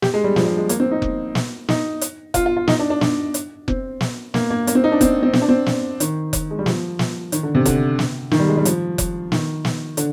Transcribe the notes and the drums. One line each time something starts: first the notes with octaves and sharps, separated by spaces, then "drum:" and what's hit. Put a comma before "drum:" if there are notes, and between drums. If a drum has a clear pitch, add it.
G4, drum: snare
G#3
G3
F3, drum: snare
G3
G#3
A#3, drum: hi-hat
C4
D#4
drum: kick F1
drum: snare
D#4, drum: snare
drum: hi-hat
F4, drum: kick F1, hi-hat
F4
F4
D#4, drum: snare
D4
D4
D4, drum: snare
drum: hi-hat
C4, drum: kick F1
drum: snare
A#3, drum: snare
A#3
A#3, drum: hi-hat
C4
D#4
D4
C4, drum: kick F1, hi-hat
C4
C4, drum: snare
D4
C4
drum: snare
D#3, drum: hi-hat
drum: kick F1, hi-hat
G#3
G3
F3, drum: snare
drum: snare
D#3, drum: hi-hat
D3
C3
D3, drum: kick F1, hi-hat
drum: snare
D#3, drum: snare
G3
G#3
G3
F3, drum: hi-hat
drum: kick F1, hi-hat
D#3, drum: snare
drum: snare
D3, drum: hi-hat